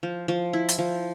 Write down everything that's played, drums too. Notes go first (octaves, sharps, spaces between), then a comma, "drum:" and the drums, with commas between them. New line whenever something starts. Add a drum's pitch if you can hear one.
F3
F3
E4
drum: hi-hat
F3